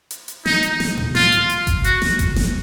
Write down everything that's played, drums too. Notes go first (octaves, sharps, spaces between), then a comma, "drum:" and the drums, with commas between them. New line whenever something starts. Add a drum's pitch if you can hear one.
drum: hi-hat
drum: hi-hat
D#4, drum: snare
drum: hi-hat
drum: snare
drum: tom A2
F4, drum: snare
drum: hi-hat
drum: hi-hat
drum: kick G1, hi-hat
F#4, drum: hi-hat
drum: snare
drum: kick G1, hi-hat
drum: snare